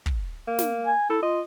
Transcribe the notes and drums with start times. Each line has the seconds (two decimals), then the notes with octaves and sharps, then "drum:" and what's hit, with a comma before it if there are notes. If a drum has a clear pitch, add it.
0.06 drum: kick
0.47 A#3
0.59 drum: snare
0.86 G#5
1.10 E4 A4
1.22 F4 D#5